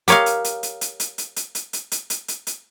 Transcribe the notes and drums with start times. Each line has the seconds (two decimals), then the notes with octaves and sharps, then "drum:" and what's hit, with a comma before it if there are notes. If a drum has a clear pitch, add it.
0.08 G4 A#4 C#5 D#5 F5, drum: hi-hat
0.26 drum: hi-hat
0.44 drum: hi-hat
0.63 drum: hi-hat
0.81 drum: hi-hat
1.00 drum: hi-hat
1.18 drum: hi-hat
1.36 drum: hi-hat
1.55 drum: hi-hat
1.73 drum: hi-hat
1.91 drum: hi-hat
2.10 drum: hi-hat
2.28 drum: hi-hat
2.47 drum: hi-hat